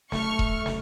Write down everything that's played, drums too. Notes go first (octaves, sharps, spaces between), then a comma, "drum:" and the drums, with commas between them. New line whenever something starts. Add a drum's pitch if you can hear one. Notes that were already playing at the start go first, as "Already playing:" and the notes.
A3 C#6 F6, drum: snare
drum: kick E1
drum: snare